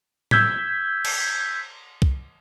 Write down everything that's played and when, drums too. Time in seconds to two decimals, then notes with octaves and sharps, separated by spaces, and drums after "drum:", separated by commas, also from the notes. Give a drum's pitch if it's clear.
0.31 E6 G6 G#6 B6, drum: tom A2
1.05 drum: cymbal
2.02 drum: kick C2